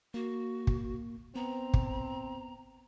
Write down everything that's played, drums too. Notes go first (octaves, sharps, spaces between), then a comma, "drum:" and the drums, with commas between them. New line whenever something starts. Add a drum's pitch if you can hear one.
A#3 F#4
drum: kick
B3 C4 A#5
drum: kick